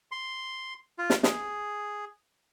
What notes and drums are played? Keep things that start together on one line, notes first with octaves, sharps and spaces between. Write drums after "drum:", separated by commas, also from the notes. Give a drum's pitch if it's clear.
C6
F4
drum: snare
G#4, drum: snare